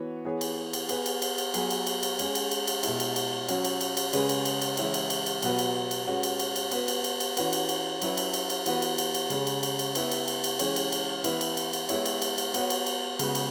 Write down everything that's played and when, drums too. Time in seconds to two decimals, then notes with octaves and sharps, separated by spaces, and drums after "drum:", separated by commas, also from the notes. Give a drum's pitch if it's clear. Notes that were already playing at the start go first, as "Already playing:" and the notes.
Already playing: E3 B3 F#4 C#5
0.25 E3 B3 G#4 C#5
0.41 drum: cymbal
0.73 drum: cymbal
0.89 B3 G#4 B4, drum: cymbal
1.06 drum: cymbal
1.22 drum: cymbal
1.38 drum: cymbal
1.54 F#3 B3 G#4 B4, drum: cymbal
1.70 drum: cymbal
1.87 drum: cymbal
2.03 drum: cymbal
2.19 G#3 C#4 G#4, drum: cymbal
2.35 drum: cymbal
2.51 drum: cymbal
2.67 drum: cymbal
2.83 B2 G#3 E4, drum: cymbal
3.00 drum: cymbal
3.16 drum: cymbal
3.48 F#3 C#4 F#4, drum: cymbal
3.64 drum: cymbal
3.81 drum: cymbal
3.97 drum: cymbal
4.13 C#3 G#3 C#4 G#4 B4, drum: cymbal
4.29 drum: cymbal
4.45 drum: cymbal
4.62 drum: cymbal
4.77 E3 G#3 C#4 E4 C#5, drum: cymbal
4.94 drum: cymbal
5.10 drum: cymbal
5.26 drum: cymbal
5.42 B2 F#3 B3 F#4 B4, drum: cymbal
5.59 drum: cymbal
5.91 drum: cymbal
6.06 G#3 C#4 F#4 B4
6.23 drum: cymbal
6.39 drum: cymbal
6.56 drum: cymbal
6.71 B3 F#4 B4, drum: cymbal
6.88 drum: cymbal
7.04 drum: cymbal
7.20 drum: cymbal
7.37 E3 C#4 F#4 B4, drum: cymbal
7.53 drum: cymbal
7.69 drum: cymbal
8.02 F#3 C#4 E4 B4, drum: cymbal
8.17 drum: cymbal
8.34 drum: cymbal
8.50 drum: cymbal
8.66 E3 B3 F#4 B4, drum: cymbal
8.82 drum: cymbal
8.98 drum: cymbal
9.14 drum: cymbal
9.30 C#3 G#3 C#4 G#4, drum: cymbal
9.47 drum: cymbal
9.63 drum: cymbal
9.79 drum: cymbal
9.95 B3 E4 B4, drum: cymbal
10.11 drum: cymbal
10.28 drum: cymbal
10.44 drum: cymbal
10.59 E3 G#3 C#4 G#4, drum: cymbal
10.76 drum: cymbal
10.92 drum: cymbal
11.24 E3 B3 E4 B4, drum: cymbal
11.41 drum: cymbal
11.57 drum: cymbal
11.73 drum: cymbal
11.89 G#3 B3 E4 C#5, drum: cymbal
12.06 drum: cymbal
12.22 drum: cymbal
12.38 drum: cymbal
12.54 B3 F#4 C#5, drum: cymbal
12.70 drum: cymbal
12.86 drum: cymbal
13.19 C#3 G#3 B3 F#4 B4, drum: cymbal
13.35 drum: cymbal